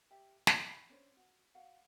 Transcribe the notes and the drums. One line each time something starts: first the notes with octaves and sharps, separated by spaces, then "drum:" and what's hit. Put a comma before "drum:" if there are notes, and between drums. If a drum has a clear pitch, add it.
G4 E5 G5
F#4 A4 E5 G5, drum: snare
B5
C#4 D4 C5 C#5
F#4
F#4 F5 F#5